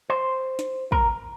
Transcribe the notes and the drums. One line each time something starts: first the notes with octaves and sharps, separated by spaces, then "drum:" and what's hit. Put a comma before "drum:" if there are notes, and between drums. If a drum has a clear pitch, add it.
C5
drum: snare
A#4, drum: kick